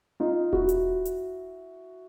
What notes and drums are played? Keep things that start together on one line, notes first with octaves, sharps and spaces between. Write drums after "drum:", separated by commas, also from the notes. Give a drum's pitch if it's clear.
D#4 F4
E4 F#4, drum: kick E1
drum: hi-hat
drum: hi-hat